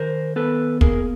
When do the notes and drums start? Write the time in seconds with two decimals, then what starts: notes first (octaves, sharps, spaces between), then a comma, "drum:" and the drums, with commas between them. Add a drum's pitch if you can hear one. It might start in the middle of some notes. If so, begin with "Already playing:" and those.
Already playing: D#3 A#4 C5
0.36 B3 A4 B4
0.81 A#3 G#4 A#4, drum: kick